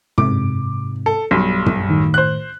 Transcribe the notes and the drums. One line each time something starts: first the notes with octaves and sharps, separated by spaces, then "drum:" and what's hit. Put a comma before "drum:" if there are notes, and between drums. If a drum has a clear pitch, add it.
G#2 C3 D6, drum: tom
A4
B1 G2 C6
drum: tom
A2 D#3
C5 F#6